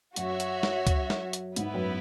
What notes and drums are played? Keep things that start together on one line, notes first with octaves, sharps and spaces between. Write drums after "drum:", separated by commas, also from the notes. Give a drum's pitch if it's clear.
F#2 F#4 C#5 E5, drum: hi-hat
drum: hi-hat
drum: snare
drum: kick, hi-hat
drum: snare
drum: hi-hat
G#2 B3 E4 B4, drum: hi-hat
F#2